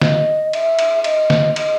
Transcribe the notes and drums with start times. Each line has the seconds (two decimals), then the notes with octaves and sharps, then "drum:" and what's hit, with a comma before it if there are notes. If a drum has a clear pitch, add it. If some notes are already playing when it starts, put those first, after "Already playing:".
0.02 D#5, drum: snare
0.53 E5, drum: cymbal
0.79 drum: cymbal
1.04 D#5, drum: cymbal
1.30 drum: snare
1.56 D#5, drum: cymbal